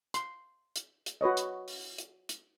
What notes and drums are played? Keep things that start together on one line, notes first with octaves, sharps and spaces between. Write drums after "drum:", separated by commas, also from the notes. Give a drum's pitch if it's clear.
C6, drum: hi-hat
drum: hi-hat
drum: hi-hat
F#4 B4 C#5 D#5
drum: hi-hat
drum: open hi-hat
drum: hi-hat
drum: hi-hat